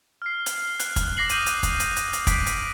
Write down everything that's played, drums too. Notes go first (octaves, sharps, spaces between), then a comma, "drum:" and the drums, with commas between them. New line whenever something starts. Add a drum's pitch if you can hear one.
F6 C7
drum: hi-hat
F#6, drum: hi-hat
drum: kick, hi-hat
D6 A#6 C7 F#7
D#6 G6 D#7 F#7, drum: hi-hat
drum: hi-hat
drum: kick, hi-hat
drum: hi-hat
drum: hi-hat
drum: hi-hat
B6 D7, drum: kick, hi-hat
drum: hi-hat